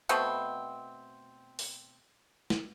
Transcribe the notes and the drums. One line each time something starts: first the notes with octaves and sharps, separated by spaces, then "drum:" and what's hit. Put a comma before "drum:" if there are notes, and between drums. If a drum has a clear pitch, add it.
B2 A3 B3 C4, drum: hi-hat
drum: open hi-hat
drum: snare